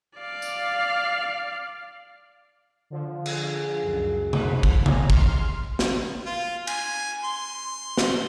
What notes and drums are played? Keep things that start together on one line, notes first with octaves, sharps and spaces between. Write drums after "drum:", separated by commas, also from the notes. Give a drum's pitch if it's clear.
D5 F5
drum: tambourine
D3 F3
G#4, drum: cymbal
C#2 F#2
G2 F3 B4, drum: tom C3
drum: kick
D#2 G#2 G#5 A#5, drum: tom C3
C6 F6, drum: kick
drum: snare
F4
G#5, drum: cymbal
C6
drum: snare